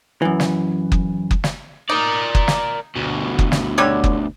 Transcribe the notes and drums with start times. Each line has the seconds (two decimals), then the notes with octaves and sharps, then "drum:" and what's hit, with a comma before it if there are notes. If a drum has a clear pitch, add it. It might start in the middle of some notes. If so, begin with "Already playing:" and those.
0.22 F#2 E3
0.40 drum: snare
0.92 drum: kick F#1
1.31 drum: kick F#1
1.44 drum: snare
1.90 D#4 A#4 D5
2.35 drum: kick F#1
2.48 drum: snare
2.96 D2 B2
3.39 drum: kick F#1
3.52 drum: snare
3.78 D3 G3 C#5
4.04 drum: kick F#1